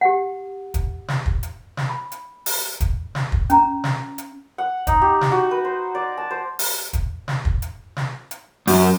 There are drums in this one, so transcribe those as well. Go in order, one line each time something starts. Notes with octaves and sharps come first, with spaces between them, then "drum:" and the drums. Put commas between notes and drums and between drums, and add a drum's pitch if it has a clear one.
G4 F#5
drum: kick, hi-hat
drum: snare
drum: kick
drum: hi-hat
drum: snare
B5
drum: hi-hat
drum: open hi-hat
drum: kick, hi-hat
drum: snare
drum: kick
C#4 A#5, drum: hi-hat
drum: snare
drum: hi-hat
F#5
D#4, drum: kick, hi-hat
G4
drum: snare
F#4
B4
C5
D5
A5
C5
drum: open hi-hat
drum: kick, hi-hat
drum: snare
drum: kick
drum: hi-hat
drum: snare
drum: hi-hat
F#2, drum: open hi-hat